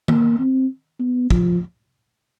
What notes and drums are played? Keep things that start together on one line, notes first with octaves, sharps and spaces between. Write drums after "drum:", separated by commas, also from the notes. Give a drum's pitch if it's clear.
A#3, drum: tom D#3
C4
B3
F3, drum: kick